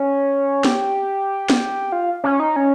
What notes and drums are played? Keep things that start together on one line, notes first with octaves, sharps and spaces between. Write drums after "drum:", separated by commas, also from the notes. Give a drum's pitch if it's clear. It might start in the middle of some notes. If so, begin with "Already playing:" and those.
Already playing: C#4
G4, drum: snare
drum: snare
F4
C#4
D#4
C#4